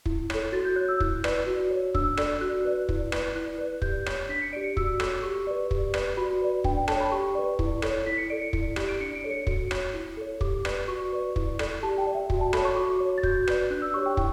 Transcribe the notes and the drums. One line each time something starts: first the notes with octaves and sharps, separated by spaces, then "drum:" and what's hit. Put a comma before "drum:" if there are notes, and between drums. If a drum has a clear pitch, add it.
E4, drum: kick
A4 C#5, drum: rim click
F#4 A6
G6
C#5 F#6
E6
E4, drum: kick
B4 D5, drum: rim click
F#4
C#5
D4 E6, drum: kick
A4 D5, drum: rim click
F#4 F#6
B4 D5
E4, drum: kick
B4 D5, drum: rim click
E4 F#6
B4 D5
G4 G6, drum: kick
C#5, drum: rim click
D4 B6
C#7
G4 D5 D7
C#7
F#4 E6, drum: kick
A4 C#5 D6, drum: rim click
G4 C#6
B4 D5
G4, drum: kick
B4 D5, drum: rim click
F#4 B5
B4 D5
D4 G5, drum: kick
G5
A4 C#5 A5, drum: rim click
B5
G4 C#6
B4 D5
E4, drum: kick
A4 C#5, drum: rim click
E4 B6
C#7
A4 D5 D7
C#7
E4, drum: kick
G4 D5, drum: rim click
D7
D4 C#7
D7
A4 C#5
C#7
F#4, drum: kick
C#5, drum: rim click
E4
A4 C#5
G4 D6, drum: kick
B4 D5, drum: rim click
F#4 C#6
B4 D5
E4, drum: kick
A4 D5, drum: rim click
G4 A5
G5
D5
E5
F#4, drum: kick
A5
A4 C#5 B5, drum: rim click
C#6
F#4 D6
C#5
A6
F#4 G6, drum: kick
B4 D5, drum: rim click
D4 F#6
E6
G4 C#5 C#6
G5
E4 G5, drum: kick